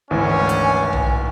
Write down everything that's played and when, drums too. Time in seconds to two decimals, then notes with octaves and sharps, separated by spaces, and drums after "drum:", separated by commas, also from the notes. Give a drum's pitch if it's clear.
0.11 G#1 D2 E3 C#4 G#5
0.49 drum: hi-hat
0.93 drum: tom B1